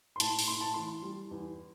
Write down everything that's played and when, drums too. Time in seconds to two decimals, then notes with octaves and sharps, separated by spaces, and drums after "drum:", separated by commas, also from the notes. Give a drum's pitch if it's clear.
0.16 C6
0.20 A2 A5, drum: hi-hat
0.39 drum: open hi-hat
0.48 A2 C6
0.61 A5
0.74 E3 C6
1.03 G3
1.31 E2